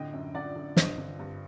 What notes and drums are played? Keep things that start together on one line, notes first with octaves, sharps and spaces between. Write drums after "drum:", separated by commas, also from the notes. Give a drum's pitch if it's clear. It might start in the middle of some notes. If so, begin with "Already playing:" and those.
Already playing: A2 D3 D#5 G5
F#2
D3 D5 F#5
D3
G2 C5 D#5, drum: snare
D3
G2